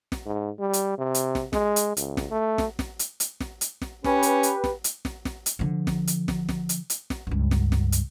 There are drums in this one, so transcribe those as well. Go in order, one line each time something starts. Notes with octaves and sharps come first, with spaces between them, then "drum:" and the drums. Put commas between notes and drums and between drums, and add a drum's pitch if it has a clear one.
drum: snare
G#2
G3
drum: hi-hat
C3
drum: hi-hat
drum: snare
G#3, drum: snare
drum: hi-hat
C#2, drum: hi-hat
drum: snare
A3
drum: snare
drum: snare
drum: hi-hat
drum: hi-hat
drum: snare
drum: hi-hat
drum: snare
C#4 G4 B4, drum: snare
drum: hi-hat
drum: hi-hat
drum: snare
drum: hi-hat
drum: snare
drum: snare
drum: hi-hat
D3 F3
drum: snare
drum: hi-hat
drum: snare
drum: snare
drum: hi-hat
drum: hi-hat
drum: snare
C#2 G2
drum: snare
drum: snare
drum: hi-hat